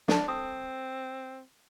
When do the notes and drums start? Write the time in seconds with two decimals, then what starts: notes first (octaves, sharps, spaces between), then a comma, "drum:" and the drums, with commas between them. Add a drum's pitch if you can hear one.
0.08 D4 A4 A5, drum: snare
0.28 C4 D#6